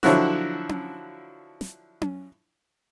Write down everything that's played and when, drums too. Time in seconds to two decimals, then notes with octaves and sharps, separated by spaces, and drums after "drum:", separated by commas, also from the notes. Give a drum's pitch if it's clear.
0.03 D3 F3 F#3 E4 F#4, drum: snare
0.69 drum: tom C#4
1.61 drum: snare
2.01 drum: tom C#4